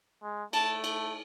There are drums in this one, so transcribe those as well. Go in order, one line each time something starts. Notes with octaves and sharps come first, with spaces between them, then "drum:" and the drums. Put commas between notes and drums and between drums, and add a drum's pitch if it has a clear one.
G#3
A3 A5, drum: cymbal
drum: cymbal